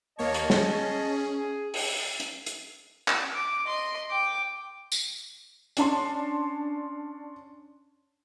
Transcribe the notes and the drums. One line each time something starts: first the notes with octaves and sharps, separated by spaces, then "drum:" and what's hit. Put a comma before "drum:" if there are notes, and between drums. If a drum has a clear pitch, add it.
D#2 A#3 C#5 D#5 A5
drum: hi-hat
C#4 G#4, drum: snare
drum: open hi-hat
drum: hi-hat
drum: hi-hat
drum: clap
D6
D#5 C6
G5 D6
drum: tambourine
C#4 D4 A5 C6, drum: hi-hat